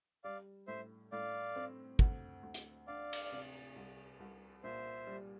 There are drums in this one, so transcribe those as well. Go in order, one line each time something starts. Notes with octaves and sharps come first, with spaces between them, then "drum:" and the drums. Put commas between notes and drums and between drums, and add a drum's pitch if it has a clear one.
G3 D5 F5
A2 C5 E5
A2 D5 F5
C4
D2, drum: kick
D2
drum: hi-hat
D4 D5 F5
drum: cymbal
C3
C2
C2
A#2 C5 E5
G3